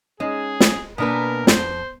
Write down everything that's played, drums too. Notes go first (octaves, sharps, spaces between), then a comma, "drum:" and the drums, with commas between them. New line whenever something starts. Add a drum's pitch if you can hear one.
G#3 C#4 D#4 G#4
drum: snare
B2 A#3 B3 D4 A#4 B4 G#5
F2 C5, drum: snare